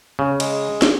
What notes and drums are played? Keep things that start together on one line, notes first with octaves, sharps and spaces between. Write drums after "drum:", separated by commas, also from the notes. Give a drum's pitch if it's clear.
C#3
G#3, drum: cymbal
drum: snare